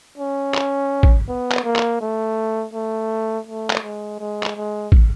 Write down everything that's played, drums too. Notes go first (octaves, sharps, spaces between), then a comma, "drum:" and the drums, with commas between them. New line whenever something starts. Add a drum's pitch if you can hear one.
C#4
drum: clap
drum: kick
B3
drum: clap
A#3
drum: clap
A3
A3
A3
drum: clap
G#3
G#3
drum: clap
G#3
drum: kick